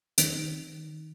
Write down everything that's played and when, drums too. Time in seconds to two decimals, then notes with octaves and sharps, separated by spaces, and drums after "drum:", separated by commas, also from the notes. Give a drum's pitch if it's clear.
0.18 D#3, drum: hi-hat